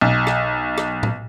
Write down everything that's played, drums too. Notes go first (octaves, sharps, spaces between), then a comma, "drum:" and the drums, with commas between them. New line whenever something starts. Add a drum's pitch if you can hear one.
B1
drum: rim click
drum: rim click
drum: tom A2